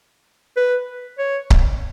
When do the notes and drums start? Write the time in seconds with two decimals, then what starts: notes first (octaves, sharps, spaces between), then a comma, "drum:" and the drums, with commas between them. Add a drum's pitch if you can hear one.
0.57 B4
1.19 C#5
1.50 drum: kick C#1